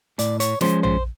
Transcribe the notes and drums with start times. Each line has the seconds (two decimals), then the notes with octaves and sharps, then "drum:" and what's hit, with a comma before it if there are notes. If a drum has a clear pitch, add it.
0.19 A2 D5, drum: hi-hat
0.40 C#5, drum: hi-hat
0.61 F3 G#3 C#4 C5, drum: snare
0.83 C5, drum: tom A#1